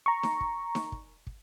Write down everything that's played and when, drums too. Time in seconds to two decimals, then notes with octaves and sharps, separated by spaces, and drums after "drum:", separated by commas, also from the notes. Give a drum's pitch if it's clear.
0.06 A#5 C#6
0.23 drum: snare D#4
0.41 drum: kick
0.75 drum: snare D#4
0.92 drum: kick
1.27 drum: kick